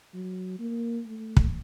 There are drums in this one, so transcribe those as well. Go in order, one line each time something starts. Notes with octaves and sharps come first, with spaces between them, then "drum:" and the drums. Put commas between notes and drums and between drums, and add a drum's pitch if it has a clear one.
F#3
A#3
A3
drum: kick